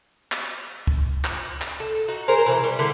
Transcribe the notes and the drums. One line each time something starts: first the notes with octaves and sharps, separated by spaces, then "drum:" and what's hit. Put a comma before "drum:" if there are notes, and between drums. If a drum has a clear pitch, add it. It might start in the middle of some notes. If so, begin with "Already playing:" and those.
drum: clap
drum: kick
drum: clap
drum: clap
A4
D#4 F#4
G#4 A#4 C5
B2 E3 E4
G3
D3 G3 B3 E4